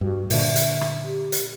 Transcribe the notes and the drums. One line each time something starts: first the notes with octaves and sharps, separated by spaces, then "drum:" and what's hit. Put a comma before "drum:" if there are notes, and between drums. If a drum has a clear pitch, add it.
G2 F#4
A#2 D3 E5, drum: open hi-hat
drum: hi-hat
drum: rim click
G4
drum: hi-hat